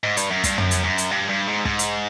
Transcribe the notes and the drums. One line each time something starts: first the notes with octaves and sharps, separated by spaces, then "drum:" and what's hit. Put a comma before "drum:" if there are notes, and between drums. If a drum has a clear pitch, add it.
G#2
G2, drum: hi-hat
F#2
G2, drum: kick, hi-hat
F#2, drum: tom
drum: hi-hat
F#2
drum: hi-hat
G2
G2
G#2
G#2, drum: kick
drum: hi-hat